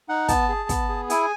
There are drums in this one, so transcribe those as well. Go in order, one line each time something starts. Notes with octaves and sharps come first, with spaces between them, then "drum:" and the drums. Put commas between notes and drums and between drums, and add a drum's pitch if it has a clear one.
D#4 F#5
B3 A5, drum: kick, hi-hat
G#4
B3, drum: kick, hi-hat
G#4
E4 G#5, drum: hi-hat